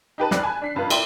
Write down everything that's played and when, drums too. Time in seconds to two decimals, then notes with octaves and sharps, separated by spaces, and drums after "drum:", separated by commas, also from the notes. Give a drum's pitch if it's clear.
0.18 D#4 G4 B4 A5
0.31 F1 C2 F2 C4 D5 F#6, drum: snare
0.43 G#5 A5 B5
0.62 D4 B6 C7
0.75 F1 G2 F4 B4
0.90 D5 E5 G5 C6 F#7, drum: cymbal